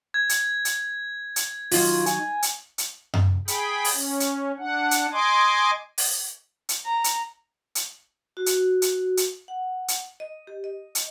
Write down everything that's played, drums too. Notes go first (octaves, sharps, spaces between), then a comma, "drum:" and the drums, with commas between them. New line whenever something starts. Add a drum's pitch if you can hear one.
G#6
drum: hi-hat
drum: hi-hat
drum: hi-hat
D#3 F#3 F4, drum: open hi-hat
G#5, drum: hi-hat
drum: hi-hat
drum: hi-hat
drum: tom F#2
G#4 G5 B5, drum: hi-hat
drum: open hi-hat
C#4
drum: hi-hat
D4 F#5
drum: hi-hat
D#5 G#5 C6 D6
drum: open hi-hat
drum: hi-hat
A#5
drum: hi-hat
drum: hi-hat
F#4
drum: hi-hat
drum: hi-hat
drum: hi-hat
F#5
drum: hi-hat
D#5
G4
D#5
drum: hi-hat